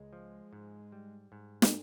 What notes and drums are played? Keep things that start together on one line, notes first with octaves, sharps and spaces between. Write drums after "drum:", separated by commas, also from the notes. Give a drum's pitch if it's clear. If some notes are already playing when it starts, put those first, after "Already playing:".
Already playing: C#2 G#3
F3
G#2
G3
G#2
drum: snare